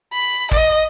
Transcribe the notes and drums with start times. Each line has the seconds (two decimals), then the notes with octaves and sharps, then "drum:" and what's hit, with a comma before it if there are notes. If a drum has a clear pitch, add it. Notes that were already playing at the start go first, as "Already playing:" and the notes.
0.13 B5
0.51 D#5, drum: kick